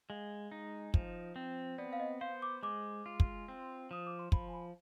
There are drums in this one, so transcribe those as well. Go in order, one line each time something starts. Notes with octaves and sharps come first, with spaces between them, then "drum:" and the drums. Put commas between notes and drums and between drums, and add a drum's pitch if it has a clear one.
G#3 F5
D#4
F3, drum: kick
C4
B3 D5
F5
D#5
C5 F5
D6
G#3 D6
F4
drum: kick
C4
F3 D#6
D6
C6
F3 B5, drum: kick
G#5
B5